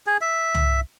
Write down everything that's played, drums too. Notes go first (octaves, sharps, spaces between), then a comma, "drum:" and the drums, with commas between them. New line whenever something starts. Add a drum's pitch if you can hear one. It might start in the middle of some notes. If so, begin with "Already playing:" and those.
G#4
E5
drum: tom